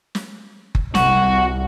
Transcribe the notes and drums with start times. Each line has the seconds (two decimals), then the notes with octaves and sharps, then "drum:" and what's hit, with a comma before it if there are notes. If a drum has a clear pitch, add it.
0.15 drum: snare
0.75 drum: kick F#1
0.95 C2 F#4, drum: snare